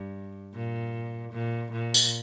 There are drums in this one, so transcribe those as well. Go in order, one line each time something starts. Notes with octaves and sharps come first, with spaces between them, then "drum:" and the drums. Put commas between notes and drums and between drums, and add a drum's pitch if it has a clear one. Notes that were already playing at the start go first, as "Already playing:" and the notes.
Already playing: G2
A#2
A#2
A#2
drum: tambourine